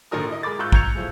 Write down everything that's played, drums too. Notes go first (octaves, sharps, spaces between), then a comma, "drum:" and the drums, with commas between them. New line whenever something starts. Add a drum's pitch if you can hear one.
A#1 D3 D#3 D#4 A#4 D#6
E4 D#5
G#3 A#4 B5 D6 A6
G#2 F4 C#6 E6 F#6 G6
A#5 C#6 G6 G#6 C#7 F7, drum: kick
A2 F3 G#3